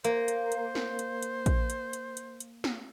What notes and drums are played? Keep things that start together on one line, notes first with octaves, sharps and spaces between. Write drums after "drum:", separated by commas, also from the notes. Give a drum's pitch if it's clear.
A#3 C5, drum: hi-hat
drum: hi-hat
drum: hi-hat
drum: snare
drum: hi-hat
drum: hi-hat
drum: kick A#1, hi-hat
drum: hi-hat
drum: hi-hat
drum: hi-hat
drum: hi-hat
drum: snare